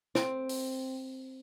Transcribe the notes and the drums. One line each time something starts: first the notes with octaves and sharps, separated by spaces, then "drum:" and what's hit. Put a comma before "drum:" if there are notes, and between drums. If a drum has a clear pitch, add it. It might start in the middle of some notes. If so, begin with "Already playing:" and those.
C4, drum: snare
drum: open hi-hat